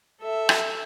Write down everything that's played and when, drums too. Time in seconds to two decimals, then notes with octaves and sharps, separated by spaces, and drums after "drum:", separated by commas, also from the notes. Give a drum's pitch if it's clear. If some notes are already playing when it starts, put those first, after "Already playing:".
0.21 A4 E5
0.49 drum: rim click